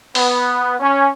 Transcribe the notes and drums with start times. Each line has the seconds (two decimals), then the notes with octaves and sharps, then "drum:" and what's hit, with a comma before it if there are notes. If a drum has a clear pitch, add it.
0.15 B3, drum: open hi-hat
0.80 C#4